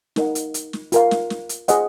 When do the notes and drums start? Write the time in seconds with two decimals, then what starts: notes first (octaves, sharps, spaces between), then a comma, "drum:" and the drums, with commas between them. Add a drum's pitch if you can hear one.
0.16 D#4 A#4 D#5 F#5, drum: snare
0.35 drum: hi-hat
0.54 drum: hi-hat
0.73 drum: snare
0.92 F4 A#4 F5, drum: hi-hat
1.11 drum: snare
1.30 drum: snare
1.49 drum: hi-hat
1.68 F4 G#4 C5 D#5 F#5, drum: hi-hat